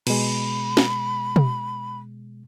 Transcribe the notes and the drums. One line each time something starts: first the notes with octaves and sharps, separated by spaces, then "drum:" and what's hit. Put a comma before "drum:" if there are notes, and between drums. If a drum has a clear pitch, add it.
B2 G#3 B5, drum: cymbal
drum: snare
drum: tom